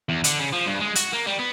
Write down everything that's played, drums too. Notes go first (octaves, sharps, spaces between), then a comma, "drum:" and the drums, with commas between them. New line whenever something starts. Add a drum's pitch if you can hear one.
E2
D3, drum: hi-hat
C#3
F3
G2
G#3
F#4, drum: hi-hat
A#3
G3
B3